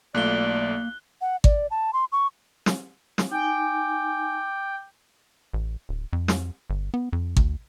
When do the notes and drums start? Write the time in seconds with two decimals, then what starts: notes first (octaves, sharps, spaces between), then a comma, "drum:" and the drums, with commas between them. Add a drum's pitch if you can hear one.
0.15 B1 A3 A#3 F4 D5 F#6 G7
1.21 F#5
1.44 D5, drum: kick G#1
1.71 A5
1.93 C6
2.12 C#6
2.66 drum: snare
3.18 drum: snare
3.31 D#4 G5 G#5 D6
5.54 A1
5.89 D1
6.13 F2
6.28 drum: snare
6.70 G1
6.94 B3
7.13 F2
7.37 D2, drum: kick G#1